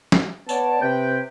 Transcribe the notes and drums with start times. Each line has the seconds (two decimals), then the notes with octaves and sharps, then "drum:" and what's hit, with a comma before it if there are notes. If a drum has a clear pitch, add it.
0.12 drum: snare
0.49 B3 C#5 D5 A5, drum: tambourine
0.82 C3 B4 G5